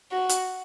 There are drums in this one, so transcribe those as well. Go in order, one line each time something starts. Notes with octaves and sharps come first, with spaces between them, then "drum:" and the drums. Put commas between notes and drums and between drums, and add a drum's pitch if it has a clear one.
F#4
drum: hi-hat